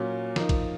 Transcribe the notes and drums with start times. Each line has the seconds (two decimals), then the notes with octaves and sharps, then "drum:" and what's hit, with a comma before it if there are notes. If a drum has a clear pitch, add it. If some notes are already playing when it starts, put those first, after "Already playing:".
Already playing: A#2 F#3 C#4
0.36 F3 A#3 D#4, drum: snare
0.49 drum: kick A#1, cymbal